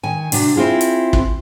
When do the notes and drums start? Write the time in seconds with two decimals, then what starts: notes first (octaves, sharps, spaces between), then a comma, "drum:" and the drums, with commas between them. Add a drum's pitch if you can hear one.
0.03 D#3 G#5
0.32 C3 D4 F#4, drum: open hi-hat
0.56 C4 E4 F4 G#4
0.81 drum: hi-hat
1.13 drum: kick